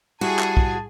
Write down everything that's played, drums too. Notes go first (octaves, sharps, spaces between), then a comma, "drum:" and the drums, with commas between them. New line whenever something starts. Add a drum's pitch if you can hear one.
G3 E4 F#4 G#4 G#5 A5
drum: clap
drum: kick B1